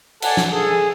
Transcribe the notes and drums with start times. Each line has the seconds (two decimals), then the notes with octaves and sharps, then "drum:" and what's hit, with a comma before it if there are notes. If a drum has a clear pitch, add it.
0.22 A4 D5 F#5 G#5 A5, drum: cymbal
0.37 drum: snare
0.53 G#4 A4